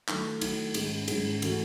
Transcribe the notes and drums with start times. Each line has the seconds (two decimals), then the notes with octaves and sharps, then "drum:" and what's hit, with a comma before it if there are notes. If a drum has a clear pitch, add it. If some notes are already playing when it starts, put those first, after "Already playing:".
0.08 D#3 F#3 A3 D#4, drum: clap
0.41 D#3 F#3 A3 D#4, drum: cymbal
0.74 G#2 D#3 G#3 C#4 G#4, drum: cymbal
1.08 G#2 D#3 G#3 C#4 G#4, drum: cymbal
1.42 E3 A3 C#4 F#4, drum: cymbal